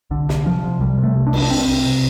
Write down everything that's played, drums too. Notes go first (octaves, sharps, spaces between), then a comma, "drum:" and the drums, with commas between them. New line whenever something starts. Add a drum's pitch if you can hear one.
C2 D3
C2, drum: snare
C2 F3
C3
C2 G3
C3
A3
C3
D4
C2, drum: cymbal
D4
C2 C4
C2
C3